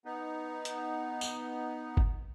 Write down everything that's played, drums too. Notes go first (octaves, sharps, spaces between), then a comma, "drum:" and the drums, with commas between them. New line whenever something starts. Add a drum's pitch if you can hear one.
B3 D#4
drum: hi-hat
drum: tambourine
drum: kick G1